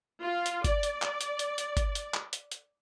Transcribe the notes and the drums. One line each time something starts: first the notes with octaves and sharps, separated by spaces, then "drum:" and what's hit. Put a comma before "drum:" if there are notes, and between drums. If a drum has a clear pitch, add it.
F4
drum: hi-hat
D5, drum: kick G1, hi-hat
drum: hi-hat
drum: clap
drum: hi-hat
drum: hi-hat
drum: hi-hat
drum: kick G1, hi-hat
drum: hi-hat
drum: clap
drum: hi-hat
drum: hi-hat